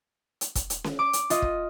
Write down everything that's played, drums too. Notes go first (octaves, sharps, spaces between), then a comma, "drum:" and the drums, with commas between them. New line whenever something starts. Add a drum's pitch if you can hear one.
drum: hi-hat
drum: kick, hi-hat
drum: hi-hat
drum: snare C#4
D6
drum: hi-hat
F4 D#5, drum: hi-hat
drum: kick